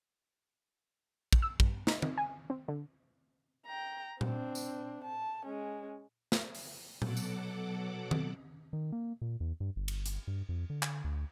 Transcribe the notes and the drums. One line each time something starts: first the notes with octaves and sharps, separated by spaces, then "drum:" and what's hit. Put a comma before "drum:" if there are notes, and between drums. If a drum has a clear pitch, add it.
drum: kick
E6
G2, drum: kick
D#4, drum: snare
D#3, drum: tom D#3
G#5
C4
D3
G5 A#5
C4 D4, drum: tom A#2
drum: tambourine
A5
G#3 C#4
drum: snare
drum: open hi-hat
B2 F#3 A4 F#5 D6, drum: tom A#2
drum: tambourine
drum: tom D#3
D#3
A#3
A#2
E2
G2
G1
drum: cymbal
drum: hi-hat
G2
F2
D3
drum: clap
D2